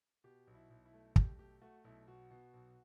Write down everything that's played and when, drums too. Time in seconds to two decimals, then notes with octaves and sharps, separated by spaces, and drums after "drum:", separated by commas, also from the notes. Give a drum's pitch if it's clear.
0.24 B2 G4
0.47 B1
0.54 E4
0.70 B1
0.85 E4
0.93 A3
1.16 B1 G4, drum: kick
1.39 A3 G4
1.62 A3 F#4
1.84 B1 E4
2.08 B2 F#4
2.31 B2
2.53 B1